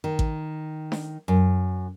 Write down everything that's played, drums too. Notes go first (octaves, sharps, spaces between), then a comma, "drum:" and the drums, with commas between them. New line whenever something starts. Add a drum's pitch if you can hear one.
D#3
drum: kick A1
drum: snare D4
F#2